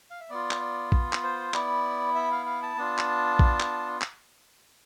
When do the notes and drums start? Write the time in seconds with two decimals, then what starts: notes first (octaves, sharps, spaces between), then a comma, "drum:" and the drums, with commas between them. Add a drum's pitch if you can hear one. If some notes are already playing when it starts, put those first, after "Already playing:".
0.11 F5
0.20 E5
0.30 B3 F4 D5
0.51 drum: clap
0.61 D5
0.92 drum: kick
1.13 drum: clap
1.24 C5
1.54 B3 E4 D5, drum: clap
2.15 E5
2.31 F5
2.46 F5
2.63 A5
2.77 B3 D4 F4
2.98 drum: clap
3.39 drum: kick
3.60 drum: clap
4.01 drum: clap